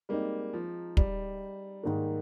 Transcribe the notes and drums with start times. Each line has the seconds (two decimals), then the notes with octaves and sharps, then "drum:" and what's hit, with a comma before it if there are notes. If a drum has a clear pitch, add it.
0.09 G3 G#3 A#3 C4 D#4
0.53 F3
0.97 G3, drum: kick
1.83 G#2 D#3 A#3